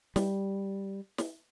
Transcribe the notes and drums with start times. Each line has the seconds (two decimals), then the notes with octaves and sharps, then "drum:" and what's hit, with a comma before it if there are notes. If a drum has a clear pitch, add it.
0.16 G3, drum: snare
1.18 drum: snare